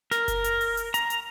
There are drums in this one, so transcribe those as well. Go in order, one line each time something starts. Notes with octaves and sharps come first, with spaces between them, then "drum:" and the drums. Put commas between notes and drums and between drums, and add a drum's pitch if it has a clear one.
A#4, drum: snare
drum: kick F#1, hi-hat
drum: hi-hat
drum: open hi-hat
drum: hi-hat
A#5, drum: hi-hat
drum: hi-hat